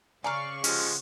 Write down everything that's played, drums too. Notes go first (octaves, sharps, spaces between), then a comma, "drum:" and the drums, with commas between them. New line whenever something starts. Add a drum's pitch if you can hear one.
C#3 D5 F5 G#5 A#5 C#6
F3 G#3 C#4 G4 F#5, drum: open hi-hat